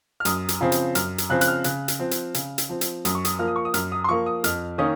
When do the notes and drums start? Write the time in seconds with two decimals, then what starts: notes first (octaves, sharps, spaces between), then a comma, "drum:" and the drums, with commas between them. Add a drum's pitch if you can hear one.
0.20 F6
0.25 F#2 D#6, drum: hi-hat
0.49 drum: hi-hat
0.61 C#3 F3 C4
0.72 drum: hi-hat
0.95 F#2 F6, drum: hi-hat
1.18 drum: hi-hat
1.30 C#3 F3 C4 F#6
1.41 F#6, drum: hi-hat
1.48 F6
1.64 C#3 F#6, drum: hi-hat
1.88 drum: hi-hat
1.99 F3 C4
2.11 drum: hi-hat
2.34 C#3, drum: hi-hat
2.58 drum: hi-hat
2.69 F3 C4
2.81 drum: hi-hat
3.05 F#2 D#6, drum: hi-hat
3.15 C#6
3.25 D#6, drum: hi-hat
3.39 F3 A#3 F6
3.48 D#6
3.56 C#6
3.65 D#6
3.74 F#2 F6, drum: hi-hat
3.92 D#6
4.04 C6
4.08 F3 A#3 C#6
4.26 D#6
4.44 F2 F6, drum: hi-hat
4.78 D#3 A#3 C#4 D#6